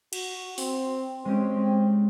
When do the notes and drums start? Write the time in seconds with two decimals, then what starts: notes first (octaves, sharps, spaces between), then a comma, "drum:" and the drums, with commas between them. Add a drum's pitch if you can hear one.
0.13 F#4, drum: cymbal
0.58 C4, drum: open hi-hat
1.25 G#3 C4 C#4 G4